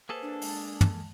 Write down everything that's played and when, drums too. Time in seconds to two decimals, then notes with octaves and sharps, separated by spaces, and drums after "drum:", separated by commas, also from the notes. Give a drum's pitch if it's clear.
0.09 A#3 G#4 A4 B4 C5
0.22 D4
0.42 G#3 A5, drum: open hi-hat
0.81 drum: tom